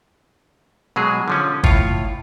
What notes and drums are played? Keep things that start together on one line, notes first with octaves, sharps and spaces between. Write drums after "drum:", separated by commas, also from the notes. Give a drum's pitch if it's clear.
B2 F#3 G#3 G#4
D3 F3 C#4
A2 F4 C#5, drum: kick